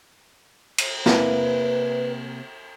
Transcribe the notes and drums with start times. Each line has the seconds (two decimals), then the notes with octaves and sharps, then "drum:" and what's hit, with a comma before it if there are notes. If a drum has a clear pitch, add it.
0.78 drum: cymbal
1.06 C3 A#3 E4 B4, drum: snare